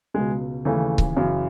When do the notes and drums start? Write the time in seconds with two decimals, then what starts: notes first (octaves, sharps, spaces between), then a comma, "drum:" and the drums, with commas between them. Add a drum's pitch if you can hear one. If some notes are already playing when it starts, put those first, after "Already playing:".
0.14 C#2 B2 G#3
0.65 D#2 C#3 E3 A3
0.98 drum: kick C#1
1.16 F#2 C#3 E3